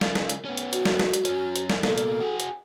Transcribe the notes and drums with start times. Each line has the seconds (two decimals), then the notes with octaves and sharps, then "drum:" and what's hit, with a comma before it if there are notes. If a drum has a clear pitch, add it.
0.01 C#3 F4, drum: snare
0.15 drum: snare
0.29 drum: hi-hat
0.45 B3 C#4
0.57 drum: hi-hat
0.73 F#4, drum: hi-hat
0.85 drum: snare
0.99 drum: snare
1.13 drum: hi-hat
1.25 F#2 C#4, drum: hi-hat
1.56 drum: hi-hat
1.70 drum: snare
1.83 B2 A#3 A4, drum: snare
1.98 drum: hi-hat
2.20 F#4 G#4
2.40 drum: hi-hat